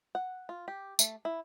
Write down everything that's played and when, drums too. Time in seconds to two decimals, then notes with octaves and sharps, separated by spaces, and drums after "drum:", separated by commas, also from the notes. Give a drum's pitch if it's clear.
0.15 F#5
0.49 F4
0.68 G4
0.99 A3, drum: tambourine
1.25 E4